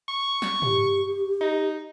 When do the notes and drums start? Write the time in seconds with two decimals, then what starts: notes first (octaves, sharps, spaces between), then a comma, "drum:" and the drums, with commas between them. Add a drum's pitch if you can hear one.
0.08 C#6
0.42 drum: snare
0.62 G4, drum: tom
1.41 D#4